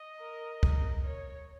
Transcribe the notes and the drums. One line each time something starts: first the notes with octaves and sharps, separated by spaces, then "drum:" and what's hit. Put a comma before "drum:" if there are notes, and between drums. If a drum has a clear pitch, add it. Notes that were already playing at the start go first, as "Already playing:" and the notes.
Already playing: D#5
A#4
A#4, drum: kick
C#5